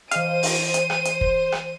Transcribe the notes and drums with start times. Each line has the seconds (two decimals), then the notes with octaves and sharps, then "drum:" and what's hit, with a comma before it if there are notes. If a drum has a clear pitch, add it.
0.11 E3 C5 D#5 F5 D#7, drum: hi-hat
0.43 drum: open hi-hat
0.74 drum: hi-hat
0.90 drum: rim click
1.05 drum: hi-hat
1.21 drum: kick
1.52 drum: rim click